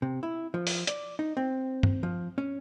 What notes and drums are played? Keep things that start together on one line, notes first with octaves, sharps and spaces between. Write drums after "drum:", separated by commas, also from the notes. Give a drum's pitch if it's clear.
C3
E4
F3
drum: open hi-hat
D5, drum: hi-hat
D#4
C4
drum: tom G2
F3
C#4